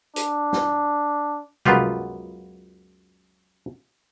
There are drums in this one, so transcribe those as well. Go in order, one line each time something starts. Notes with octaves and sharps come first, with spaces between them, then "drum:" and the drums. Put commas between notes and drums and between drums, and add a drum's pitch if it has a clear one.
D4, drum: hi-hat
drum: snare
C#2 F#2 B3 F4 G4, drum: tom C3